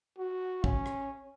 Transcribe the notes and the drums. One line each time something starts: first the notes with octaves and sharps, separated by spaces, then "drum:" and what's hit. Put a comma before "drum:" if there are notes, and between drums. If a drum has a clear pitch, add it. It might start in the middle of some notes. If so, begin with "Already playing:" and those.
F#4
C#4, drum: kick
drum: rim click